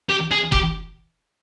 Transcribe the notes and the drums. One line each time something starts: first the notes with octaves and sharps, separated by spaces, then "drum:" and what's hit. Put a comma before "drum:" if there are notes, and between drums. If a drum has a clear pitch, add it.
G4
G#4
G4, drum: kick F#1